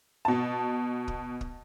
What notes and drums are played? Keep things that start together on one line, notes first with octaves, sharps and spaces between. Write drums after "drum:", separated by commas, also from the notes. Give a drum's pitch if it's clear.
B2 A5
drum: kick
drum: kick